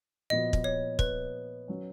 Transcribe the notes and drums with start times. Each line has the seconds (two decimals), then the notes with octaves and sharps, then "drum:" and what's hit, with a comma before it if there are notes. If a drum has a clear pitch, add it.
0.30 A#2 F3 B3 F#4 D#5
0.53 drum: kick
0.64 C#5
0.99 B4, drum: kick
1.68 F#3 C#4